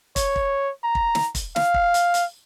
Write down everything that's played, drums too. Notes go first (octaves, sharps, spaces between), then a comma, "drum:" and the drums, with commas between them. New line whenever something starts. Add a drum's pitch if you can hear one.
C#5, drum: kick, hi-hat
drum: kick
A#5
drum: kick
drum: snare
drum: kick, hi-hat
F5, drum: snare
drum: kick
drum: hi-hat
drum: hi-hat